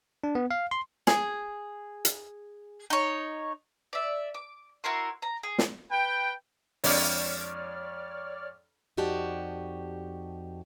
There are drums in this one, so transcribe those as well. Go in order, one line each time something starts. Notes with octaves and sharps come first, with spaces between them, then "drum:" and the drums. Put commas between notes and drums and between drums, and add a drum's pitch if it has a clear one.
D4
B3
F5
C6
G#4, drum: snare
drum: hi-hat
D#4 C#5
D5 E5
D6
E4 F#4 A#4 C6
A#5
G#4
drum: snare
B4 G5
F2 G#3 D4 C#5 D5 F6, drum: open hi-hat
F2 D#4 F#4 G4 D5 A5